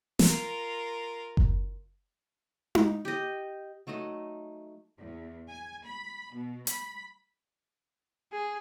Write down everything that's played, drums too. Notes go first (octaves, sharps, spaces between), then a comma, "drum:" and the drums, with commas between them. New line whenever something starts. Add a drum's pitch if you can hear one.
F4 A#4, drum: snare
drum: kick F#1
drum: tom D#4
G4 D#5
F#3 A3 D#4 D#5
E2
G#5
B5
B2
B5, drum: hi-hat
G#4